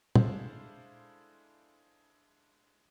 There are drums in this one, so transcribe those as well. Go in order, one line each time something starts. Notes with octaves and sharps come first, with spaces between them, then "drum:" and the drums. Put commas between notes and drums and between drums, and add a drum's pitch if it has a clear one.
G#3 D4 E4 A4 C5 F5, drum: tom